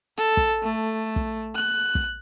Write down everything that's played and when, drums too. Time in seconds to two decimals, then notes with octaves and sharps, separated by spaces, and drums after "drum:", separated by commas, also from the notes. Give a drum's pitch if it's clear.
0.17 A4
0.37 drum: kick
0.63 A3
1.16 drum: kick
1.55 F#6
1.95 drum: kick